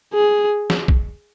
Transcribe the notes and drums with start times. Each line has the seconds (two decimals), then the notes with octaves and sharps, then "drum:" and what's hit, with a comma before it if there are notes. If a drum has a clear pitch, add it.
0.14 G#4
0.70 drum: snare
0.88 drum: kick